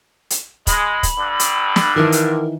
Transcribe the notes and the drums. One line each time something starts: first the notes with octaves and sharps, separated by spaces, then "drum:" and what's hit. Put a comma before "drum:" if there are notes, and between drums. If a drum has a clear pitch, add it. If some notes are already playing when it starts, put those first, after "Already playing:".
drum: hi-hat
G#3 B5, drum: kick, hi-hat
drum: kick, hi-hat
G2 D3
drum: hi-hat
drum: snare
D#3 E3 A#4
drum: hi-hat